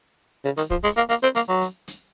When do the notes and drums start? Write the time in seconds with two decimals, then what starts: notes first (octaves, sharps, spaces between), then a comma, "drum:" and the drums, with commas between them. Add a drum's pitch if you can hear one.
0.44 C#3
0.57 D#3, drum: hi-hat
0.70 F3, drum: kick
0.84 G#3, drum: open hi-hat
0.97 A#3
1.09 A#3, drum: hi-hat
1.23 C4
1.35 A#3, drum: hi-hat
1.49 F#3
1.62 drum: hi-hat
1.88 drum: hi-hat